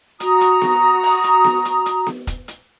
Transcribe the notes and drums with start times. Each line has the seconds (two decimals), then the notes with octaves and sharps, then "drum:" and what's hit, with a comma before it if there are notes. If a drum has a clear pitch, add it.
0.20 F#4 A#5 D#6, drum: hi-hat
0.41 drum: hi-hat
0.62 drum: snare B3
1.03 drum: open hi-hat
1.24 drum: hi-hat
1.44 drum: snare B3
1.65 drum: hi-hat
1.86 drum: hi-hat
2.07 drum: snare B3
2.27 drum: kick, hi-hat
2.48 drum: hi-hat